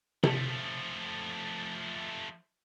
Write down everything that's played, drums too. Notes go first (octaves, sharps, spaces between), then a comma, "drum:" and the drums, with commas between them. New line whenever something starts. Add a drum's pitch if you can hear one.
F3 A3, drum: tom C3